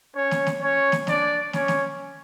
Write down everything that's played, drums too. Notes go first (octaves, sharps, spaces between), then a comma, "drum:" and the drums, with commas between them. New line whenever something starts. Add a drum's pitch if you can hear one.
C#4 C#5
drum: snare
drum: snare
C#4 C#5
drum: snare
D4 D5, drum: snare
C#4 C#5, drum: snare
drum: snare